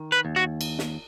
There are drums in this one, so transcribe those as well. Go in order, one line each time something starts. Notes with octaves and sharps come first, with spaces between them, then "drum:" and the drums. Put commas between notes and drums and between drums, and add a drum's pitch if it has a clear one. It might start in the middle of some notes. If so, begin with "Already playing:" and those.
Already playing: D#3
B4
D#2
F#4
drum: cymbal
drum: snare